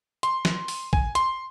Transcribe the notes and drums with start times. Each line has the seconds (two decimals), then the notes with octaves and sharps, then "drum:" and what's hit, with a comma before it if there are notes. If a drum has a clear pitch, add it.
0.23 C6, drum: hi-hat
0.45 drum: snare
0.68 drum: open hi-hat
0.93 G#5, drum: kick
1.15 C6, drum: hi-hat